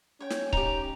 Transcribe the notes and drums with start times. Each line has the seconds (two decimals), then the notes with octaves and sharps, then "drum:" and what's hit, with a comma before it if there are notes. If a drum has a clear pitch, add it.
0.20 C#4 C#5 G5
0.30 drum: snare
0.53 D#4 G4 F7, drum: kick C#1